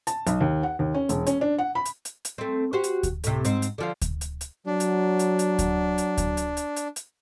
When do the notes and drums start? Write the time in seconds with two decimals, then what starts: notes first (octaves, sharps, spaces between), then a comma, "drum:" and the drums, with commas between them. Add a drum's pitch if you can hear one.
0.07 A5, drum: hi-hat
0.27 B1, drum: hi-hat
0.41 D#2
0.63 F#5
0.79 D#2
0.94 C#4
1.09 E1, drum: hi-hat
1.27 C#4, drum: hi-hat
1.41 D4
1.58 F#5
1.75 B5
1.86 drum: hi-hat
2.05 drum: hi-hat
2.25 drum: hi-hat
2.38 A3 C4
2.73 F#4 G4 C5
2.84 drum: hi-hat
3.03 drum: kick D2, hi-hat
3.24 A2 C3, drum: hi-hat
3.45 G#2 C4, drum: hi-hat
3.62 drum: hi-hat
3.78 D3 F3 F5
4.02 drum: kick D2, hi-hat
4.21 drum: hi-hat
4.41 drum: hi-hat
4.67 F#3 D4
4.80 drum: hi-hat
5.19 drum: hi-hat
5.39 drum: hi-hat
5.59 drum: kick D2, hi-hat
5.98 drum: hi-hat
6.18 drum: kick D2, hi-hat
6.37 drum: hi-hat
6.57 drum: hi-hat
6.76 drum: hi-hat
6.96 drum: hi-hat